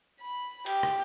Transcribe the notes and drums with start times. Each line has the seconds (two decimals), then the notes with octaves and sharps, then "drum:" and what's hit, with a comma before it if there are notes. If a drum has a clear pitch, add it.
0.21 B5
0.66 G4, drum: cymbal
0.83 drum: rim click